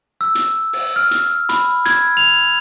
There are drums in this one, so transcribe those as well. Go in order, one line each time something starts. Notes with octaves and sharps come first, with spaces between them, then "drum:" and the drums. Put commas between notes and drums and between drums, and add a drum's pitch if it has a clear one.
E6
drum: hi-hat
drum: open hi-hat
F6
drum: hi-hat
B5, drum: hi-hat
G#6, drum: hi-hat
F7